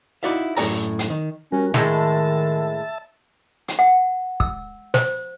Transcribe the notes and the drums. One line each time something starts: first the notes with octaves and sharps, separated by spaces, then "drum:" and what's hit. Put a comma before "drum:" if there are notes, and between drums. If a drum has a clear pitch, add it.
D#4 E4 F#4 D5 E5 F5
F#2 A2 D5 A#5, drum: open hi-hat
drum: hi-hat
D#3
G3 C#4 F#4 A#4
A2 D#3 G#3 E5 A5, drum: snare
drum: hi-hat
F#5
E6, drum: kick
C5, drum: snare